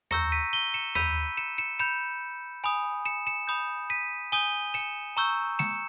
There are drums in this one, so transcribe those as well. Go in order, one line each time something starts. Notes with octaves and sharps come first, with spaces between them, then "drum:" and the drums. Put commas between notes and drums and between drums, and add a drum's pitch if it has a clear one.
A#5 C#6 E6 G6 A#6 C#7, drum: tom D#2
B6 D#7
D#7 G7
C#7 E7
B5 E6 G6 B6 D#7, drum: tom D#2
C#7 E7
C#7 E7
B5 G6 C#7 E7
G#5 B5 D#6
C#7 E7
C#7 E7
B5 D#6 G6
B6 D#7
G#5 D#6 G6 D#7 G7
C#7 E7, drum: hi-hat
A#5 C#6 E6 G6
C#7 E7, drum: snare G#3